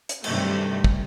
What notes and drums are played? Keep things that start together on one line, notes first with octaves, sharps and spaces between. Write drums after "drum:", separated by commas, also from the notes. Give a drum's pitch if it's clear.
drum: hi-hat
G2 C3 D#3 F#3 A3, drum: cymbal
drum: kick